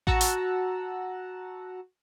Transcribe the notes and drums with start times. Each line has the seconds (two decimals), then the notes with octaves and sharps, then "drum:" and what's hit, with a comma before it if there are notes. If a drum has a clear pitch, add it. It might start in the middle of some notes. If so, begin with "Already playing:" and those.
0.07 F#4 F#5 A5 A#5 E6, drum: kick A1
0.21 drum: hi-hat